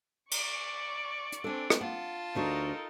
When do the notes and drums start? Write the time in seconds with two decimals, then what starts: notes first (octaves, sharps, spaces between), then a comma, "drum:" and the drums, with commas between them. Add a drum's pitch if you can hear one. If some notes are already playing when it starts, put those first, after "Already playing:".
0.31 D5 C#6, drum: cymbal
1.32 drum: hi-hat
1.44 C4 D4 A4 G#5
1.70 drum: rim click
1.81 F4 F#5 A5
2.35 D2 D4 D#4 F#4 A4 A#4